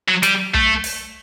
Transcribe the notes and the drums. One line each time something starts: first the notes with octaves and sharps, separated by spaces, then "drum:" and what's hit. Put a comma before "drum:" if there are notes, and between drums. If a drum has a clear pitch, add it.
F#3
G3, drum: hi-hat
A3, drum: kick
drum: open hi-hat